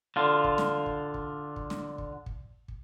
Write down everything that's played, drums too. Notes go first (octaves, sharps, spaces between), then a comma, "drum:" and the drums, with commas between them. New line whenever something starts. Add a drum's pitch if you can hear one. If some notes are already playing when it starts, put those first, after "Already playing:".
D3 F4
drum: kick
drum: snare
drum: kick
drum: kick
drum: kick
drum: snare
drum: kick
drum: kick
drum: kick